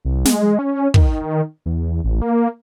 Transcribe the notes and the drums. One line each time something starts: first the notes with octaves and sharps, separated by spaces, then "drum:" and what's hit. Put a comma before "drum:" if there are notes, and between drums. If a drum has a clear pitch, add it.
C2
G#3, drum: snare
C#4
D#3, drum: kick
E2
A1
A#3